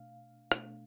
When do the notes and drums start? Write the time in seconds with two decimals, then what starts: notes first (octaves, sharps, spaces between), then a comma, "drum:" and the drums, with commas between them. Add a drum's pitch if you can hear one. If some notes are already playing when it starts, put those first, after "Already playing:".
Already playing: B2 A3 D4 F5
0.52 B2 A3 D4, drum: rim click